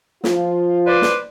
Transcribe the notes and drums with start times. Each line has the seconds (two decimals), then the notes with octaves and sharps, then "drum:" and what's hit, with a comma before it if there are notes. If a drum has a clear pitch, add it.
0.24 F3 F4, drum: snare
0.86 B4 C5 D5
1.02 drum: snare